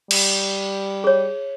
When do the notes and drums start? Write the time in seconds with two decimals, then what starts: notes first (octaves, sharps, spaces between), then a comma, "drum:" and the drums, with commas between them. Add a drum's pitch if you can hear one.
0.11 G3, drum: cymbal
1.04 G#4 C#5